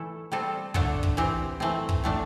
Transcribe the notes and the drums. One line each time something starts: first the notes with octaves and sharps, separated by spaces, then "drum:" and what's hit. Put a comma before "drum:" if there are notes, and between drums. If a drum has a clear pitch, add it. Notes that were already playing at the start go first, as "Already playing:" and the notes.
Already playing: E3 A3 E4 A4
G3 C4 A4
D3 A3 D4 A4, drum: kick
drum: kick
E3 C4 G4
E3 A3 C4
drum: kick
A2 A3 D4